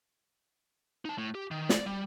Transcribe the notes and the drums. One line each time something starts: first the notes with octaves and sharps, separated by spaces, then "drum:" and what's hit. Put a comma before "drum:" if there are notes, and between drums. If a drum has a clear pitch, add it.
D#4 A5
A2
G4
D#3
D5, drum: snare
G3